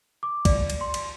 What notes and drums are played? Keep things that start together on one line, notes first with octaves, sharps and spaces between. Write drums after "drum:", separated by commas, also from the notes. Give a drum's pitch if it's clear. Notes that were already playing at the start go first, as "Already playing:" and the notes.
D6
D5, drum: kick, cymbal
drum: cymbal
C6
drum: cymbal